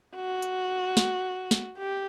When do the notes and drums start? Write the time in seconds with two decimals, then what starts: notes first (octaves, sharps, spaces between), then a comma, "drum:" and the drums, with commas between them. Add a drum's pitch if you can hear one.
0.16 F#4
0.42 drum: hi-hat
0.97 drum: snare
1.51 drum: snare
1.78 G4